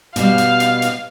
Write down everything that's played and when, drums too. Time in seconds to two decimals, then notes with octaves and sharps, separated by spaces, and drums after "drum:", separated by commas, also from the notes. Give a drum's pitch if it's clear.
0.16 B2 G3 F5, drum: hi-hat
0.38 drum: hi-hat
0.60 drum: hi-hat
0.82 drum: hi-hat